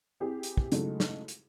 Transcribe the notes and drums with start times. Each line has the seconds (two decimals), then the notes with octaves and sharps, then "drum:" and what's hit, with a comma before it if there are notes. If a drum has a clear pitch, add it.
0.20 C4 E4 G4 G#4
0.43 drum: hi-hat
0.57 drum: kick
0.72 C#3 F#3 G#3 A3 D#4 E4, drum: hi-hat
1.00 drum: snare
1.28 drum: hi-hat